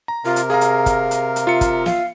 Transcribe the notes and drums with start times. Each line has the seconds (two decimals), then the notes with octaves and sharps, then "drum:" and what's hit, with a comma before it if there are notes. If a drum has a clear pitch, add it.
0.08 A#5
0.25 C3 F4 A#4
0.36 drum: hi-hat
0.50 G#4 F5 A#5
0.61 drum: hi-hat
0.86 drum: kick, hi-hat
1.11 drum: hi-hat
1.36 drum: hi-hat
1.47 F4 E5 C#7
1.61 drum: kick, hi-hat
1.86 F5, drum: snare